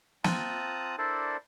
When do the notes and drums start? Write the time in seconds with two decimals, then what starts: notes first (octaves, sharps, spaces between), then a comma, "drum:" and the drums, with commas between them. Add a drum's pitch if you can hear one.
0.24 C4 F4 A5 A#5 D#6 F#6, drum: snare
0.98 D4 E4 A4 A#4 C5 D5